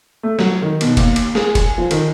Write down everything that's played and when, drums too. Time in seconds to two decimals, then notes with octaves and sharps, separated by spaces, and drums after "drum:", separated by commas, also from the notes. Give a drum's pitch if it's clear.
0.23 A3
0.39 F#3, drum: snare
0.62 D#3
0.81 B2, drum: cymbal
0.97 D#2, drum: kick F1, cymbal
1.16 drum: cymbal
1.35 G#4, drum: snare
1.55 G#5, drum: kick F1, cymbal
1.78 F3
1.91 D#3, drum: cymbal